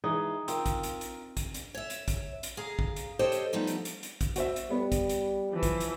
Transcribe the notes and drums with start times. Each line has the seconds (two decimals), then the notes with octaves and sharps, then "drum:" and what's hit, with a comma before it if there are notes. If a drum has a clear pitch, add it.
0.04 E3 G#3 D#4
0.48 C4 F4 A#4, drum: hi-hat
0.66 drum: kick, hi-hat
0.83 drum: hi-hat
1.01 drum: hi-hat
1.37 drum: kick, hi-hat
1.54 drum: hi-hat
1.74 C#5 E5
1.90 drum: hi-hat
2.08 drum: kick, hi-hat
2.43 drum: hi-hat
2.57 G#4 F5 A#5
2.79 drum: kick
2.96 drum: hi-hat
3.19 G4 A4 C5 C#5 D#5
3.32 drum: hi-hat
3.53 F3 G3 A3 B3 D#4
3.67 drum: hi-hat
3.85 drum: hi-hat
4.03 drum: hi-hat
4.21 drum: kick, hi-hat
4.36 F#4 C5 E5, drum: hi-hat
4.56 drum: hi-hat
4.71 G3 B3
4.92 drum: kick, hi-hat
5.09 drum: hi-hat
5.50 E3 F3
5.63 drum: kick, hi-hat
5.80 drum: hi-hat